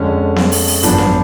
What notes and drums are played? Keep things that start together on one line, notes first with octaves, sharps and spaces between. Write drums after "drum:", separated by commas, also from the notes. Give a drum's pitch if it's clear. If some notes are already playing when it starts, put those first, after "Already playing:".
Already playing: F2 D3 G#3 C#4
drum: snare B3
drum: open hi-hat
drum: open hi-hat
G#1 F#2 F3 B3 D4, drum: hi-hat
drum: snare B3